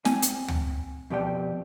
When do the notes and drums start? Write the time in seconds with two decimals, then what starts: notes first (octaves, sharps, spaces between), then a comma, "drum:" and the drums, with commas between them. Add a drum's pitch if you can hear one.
0.05 C4 G#5, drum: snare
0.22 drum: hi-hat
0.48 drum: tom D2
1.10 F2 B2 G4 D5 G5